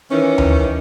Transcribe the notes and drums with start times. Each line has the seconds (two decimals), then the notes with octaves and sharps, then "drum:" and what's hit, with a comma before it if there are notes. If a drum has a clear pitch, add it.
0.11 D#3 E3 C#4
0.38 drum: tom D2